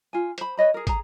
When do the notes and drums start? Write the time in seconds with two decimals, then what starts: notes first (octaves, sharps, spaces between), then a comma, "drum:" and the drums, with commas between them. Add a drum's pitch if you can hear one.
0.13 F4 G#5
0.38 C5 B5, drum: hi-hat
0.57 B4 C#5 D#5 B5
0.74 G#4 A#4
0.87 G#4 A#5, drum: kick, hi-hat